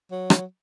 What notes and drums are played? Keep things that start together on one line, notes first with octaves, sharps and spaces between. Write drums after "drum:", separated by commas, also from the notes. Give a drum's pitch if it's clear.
F#3
drum: rim click